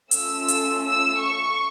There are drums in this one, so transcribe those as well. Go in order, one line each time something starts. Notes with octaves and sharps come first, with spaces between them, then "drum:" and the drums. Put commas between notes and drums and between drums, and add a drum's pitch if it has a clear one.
A3 C#4 F4 A4 E6, drum: hi-hat
drum: hi-hat
E6
C#6